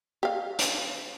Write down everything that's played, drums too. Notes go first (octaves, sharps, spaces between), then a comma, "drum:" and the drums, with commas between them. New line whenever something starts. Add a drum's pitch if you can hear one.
G4 F5
drum: hi-hat